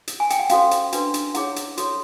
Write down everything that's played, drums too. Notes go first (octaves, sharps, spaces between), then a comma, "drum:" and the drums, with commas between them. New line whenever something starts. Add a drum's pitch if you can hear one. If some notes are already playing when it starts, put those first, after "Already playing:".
drum: hi-hat
G#5
G5, drum: hi-hat
F#5
C#4 F#4 A4 C5 F5, drum: hi-hat
drum: hi-hat
D4 F#4 B4, drum: hi-hat
drum: hi-hat
E4 G#4 C#5 F#5, drum: hi-hat
drum: hi-hat
F#4 A4 C#5, drum: hi-hat